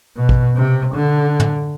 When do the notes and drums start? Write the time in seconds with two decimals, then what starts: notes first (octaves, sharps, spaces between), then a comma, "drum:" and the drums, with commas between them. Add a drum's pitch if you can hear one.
0.17 B2
0.29 drum: kick
0.56 C3
0.94 D3
1.40 drum: tom